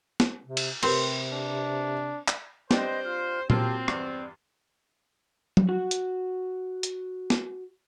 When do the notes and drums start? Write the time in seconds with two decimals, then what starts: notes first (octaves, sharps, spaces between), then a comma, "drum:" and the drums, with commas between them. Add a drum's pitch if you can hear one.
0.20 drum: snare
0.45 C3
0.57 drum: cymbal
0.83 C3 C4 G4 A#4 B4, drum: cymbal
1.33 D4
2.28 drum: clap
2.71 G3 C4 D4 B4 C5 D#5, drum: snare
3.03 F4 F6
3.50 F#3 A#3 C4 F4 G4 A5, drum: tom A#2
3.88 E2 G2 D5 D6, drum: rim click
5.57 drum: tom
5.69 F#4 F#5
5.91 drum: hi-hat
6.83 drum: hi-hat
7.30 drum: snare